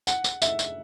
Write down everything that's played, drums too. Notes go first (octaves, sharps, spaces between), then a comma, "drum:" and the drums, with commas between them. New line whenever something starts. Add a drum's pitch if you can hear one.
F#5, drum: tambourine
drum: tambourine
E5, drum: tambourine
drum: tambourine